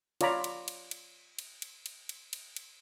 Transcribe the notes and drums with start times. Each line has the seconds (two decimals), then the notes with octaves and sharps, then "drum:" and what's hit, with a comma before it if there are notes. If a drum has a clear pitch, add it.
0.21 F4 C#5 D5 A#5 B5, drum: cymbal
0.44 drum: cymbal
0.68 drum: cymbal
0.91 drum: cymbal
1.39 drum: cymbal
1.62 drum: cymbal
1.86 drum: cymbal
2.09 drum: cymbal
2.33 drum: cymbal
2.56 drum: cymbal